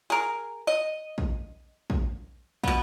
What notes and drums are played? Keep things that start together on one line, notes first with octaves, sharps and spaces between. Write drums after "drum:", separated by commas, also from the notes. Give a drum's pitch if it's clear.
G#4 A#4
D#5
drum: kick
drum: kick
B2 B3, drum: kick